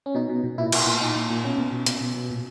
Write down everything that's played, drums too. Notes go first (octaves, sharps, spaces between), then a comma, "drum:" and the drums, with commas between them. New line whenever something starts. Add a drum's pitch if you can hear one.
C#4
B2 D#4
B2
B2
A#2 E4
A#2, drum: cymbal
A#2
A#2 D#4
A#2
A#2
B2 C#4
B2
B2
B2, drum: hi-hat
B2
B2
A#2